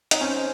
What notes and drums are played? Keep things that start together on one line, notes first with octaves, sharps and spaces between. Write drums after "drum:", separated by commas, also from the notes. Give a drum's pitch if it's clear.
D#4 C#5, drum: hi-hat
C#4 C5